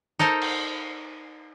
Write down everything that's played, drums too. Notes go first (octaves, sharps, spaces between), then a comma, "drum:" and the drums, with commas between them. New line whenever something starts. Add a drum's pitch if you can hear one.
D#4 A4 A#4 C5
drum: cymbal